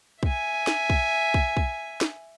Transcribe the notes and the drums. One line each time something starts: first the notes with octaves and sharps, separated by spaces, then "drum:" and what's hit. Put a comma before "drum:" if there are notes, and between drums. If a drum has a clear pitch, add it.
E5 G#5, drum: kick
drum: snare
drum: kick
drum: kick
drum: kick
drum: snare